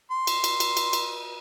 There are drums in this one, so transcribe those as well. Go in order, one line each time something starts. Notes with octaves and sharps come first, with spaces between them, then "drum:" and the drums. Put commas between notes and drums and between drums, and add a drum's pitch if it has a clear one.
C6
drum: cymbal
drum: cymbal
drum: cymbal
drum: cymbal
drum: cymbal